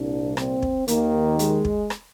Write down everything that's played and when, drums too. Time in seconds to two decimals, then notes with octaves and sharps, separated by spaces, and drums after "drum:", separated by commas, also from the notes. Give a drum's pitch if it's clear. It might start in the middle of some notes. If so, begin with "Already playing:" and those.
Already playing: C2 A#2 D4
0.37 C4, drum: rim click
0.62 drum: kick
0.88 D#2 D#3 A#3, drum: hi-hat
1.39 G#3, drum: hi-hat
1.65 drum: kick
1.90 drum: rim click